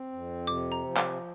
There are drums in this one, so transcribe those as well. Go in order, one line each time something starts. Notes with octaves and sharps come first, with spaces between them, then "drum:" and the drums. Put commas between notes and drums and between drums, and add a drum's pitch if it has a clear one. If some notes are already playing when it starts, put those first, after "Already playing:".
Already playing: C4
F2
C3 D6
A#5
F3
D6, drum: clap